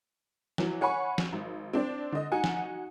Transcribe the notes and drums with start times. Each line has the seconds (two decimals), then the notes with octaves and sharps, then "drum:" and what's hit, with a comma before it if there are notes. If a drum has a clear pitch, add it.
0.58 E3 F#3, drum: snare
0.81 C#5 F#5 G#5 B5 C#6
1.18 drum: snare
1.33 G#1
1.73 C4 D4
2.12 D3 D#5
2.32 D#4 F#4 F#5 G#5
2.44 drum: snare